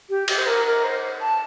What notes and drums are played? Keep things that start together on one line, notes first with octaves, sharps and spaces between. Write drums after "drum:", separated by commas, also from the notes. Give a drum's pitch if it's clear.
G4
G4, drum: cymbal
C5
A#4
A#4
C5
A5